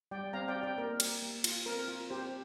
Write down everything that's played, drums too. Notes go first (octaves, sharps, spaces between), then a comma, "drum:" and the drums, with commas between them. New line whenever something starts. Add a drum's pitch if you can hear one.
G3 D5 G5
C4 F5 A#5
D5 G5
G4
D5 G5
A#3 A#4
G4, drum: cymbal
A#3
F4, drum: cymbal
C4 A#4
F4
C4 G4 C5